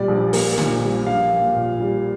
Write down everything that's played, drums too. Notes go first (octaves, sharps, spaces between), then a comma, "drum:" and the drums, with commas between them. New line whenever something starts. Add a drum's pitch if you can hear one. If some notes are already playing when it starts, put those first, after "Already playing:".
Already playing: A#2 G3 D5
A#1
A#3, drum: open hi-hat
A#2, drum: snare
G3
A#1 F5
A#3
A#2
G3